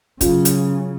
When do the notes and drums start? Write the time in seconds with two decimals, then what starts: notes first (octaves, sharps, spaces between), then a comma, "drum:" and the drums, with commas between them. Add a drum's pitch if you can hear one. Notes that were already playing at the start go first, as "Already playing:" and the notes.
0.21 C#3 F#3 C#4 F4, drum: kick, hi-hat
0.45 drum: hi-hat